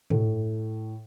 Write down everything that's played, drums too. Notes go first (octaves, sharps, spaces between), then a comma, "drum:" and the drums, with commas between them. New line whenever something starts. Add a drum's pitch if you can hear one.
A2, drum: tom